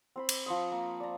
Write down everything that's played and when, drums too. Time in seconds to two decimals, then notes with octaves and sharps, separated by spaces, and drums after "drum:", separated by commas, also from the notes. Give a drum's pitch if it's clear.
0.16 C4 C5 B5
0.29 drum: cymbal
0.46 F3 C6 D#6
0.72 A#3
1.00 D5 A#5